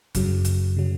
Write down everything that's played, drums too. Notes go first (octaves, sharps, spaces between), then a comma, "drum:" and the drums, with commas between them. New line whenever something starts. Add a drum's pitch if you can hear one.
F#2 C#3 F#3, drum: kick G1, hi-hat
drum: hi-hat
C#3 F#3